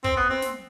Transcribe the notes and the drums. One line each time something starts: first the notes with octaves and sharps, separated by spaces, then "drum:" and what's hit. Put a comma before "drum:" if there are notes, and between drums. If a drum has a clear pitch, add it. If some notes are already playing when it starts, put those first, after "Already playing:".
C4, drum: kick
B3
C4
drum: snare